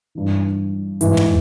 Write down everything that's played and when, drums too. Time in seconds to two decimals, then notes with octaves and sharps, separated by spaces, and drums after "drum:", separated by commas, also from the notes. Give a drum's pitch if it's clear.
0.15 G2 E3
1.01 G#2 E3, drum: hi-hat
1.17 drum: tom